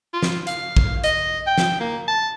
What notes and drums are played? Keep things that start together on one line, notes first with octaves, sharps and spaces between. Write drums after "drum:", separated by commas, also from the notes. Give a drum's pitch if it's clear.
F4
drum: snare
F5, drum: hi-hat
drum: kick
D#5, drum: hi-hat
G5
drum: snare
A#3
A5